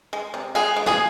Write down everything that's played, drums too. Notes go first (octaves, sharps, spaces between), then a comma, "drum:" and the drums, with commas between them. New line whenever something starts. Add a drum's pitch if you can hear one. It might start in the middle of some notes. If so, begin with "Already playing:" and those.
G#3
C3
G#3 F4 G#4, drum: cymbal
G#3
F4 G#4, drum: snare